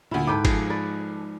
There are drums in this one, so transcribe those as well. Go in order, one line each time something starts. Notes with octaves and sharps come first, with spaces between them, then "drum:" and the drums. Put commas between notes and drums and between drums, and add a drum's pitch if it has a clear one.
D2 A#2 E4
G#2 A4 B4 G5 D6
F3 G#4, drum: kick, cymbal
B4 D5